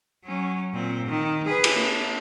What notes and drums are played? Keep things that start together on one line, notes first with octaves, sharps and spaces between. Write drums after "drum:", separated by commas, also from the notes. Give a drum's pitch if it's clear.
F#3 C#4
A#2 C4
D#3
G#4 B4
drum: cymbal
A#3